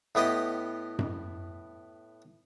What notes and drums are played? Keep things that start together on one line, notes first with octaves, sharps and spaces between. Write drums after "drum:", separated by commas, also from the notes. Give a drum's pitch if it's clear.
A2 B3 G4 D#5
drum: tom F#2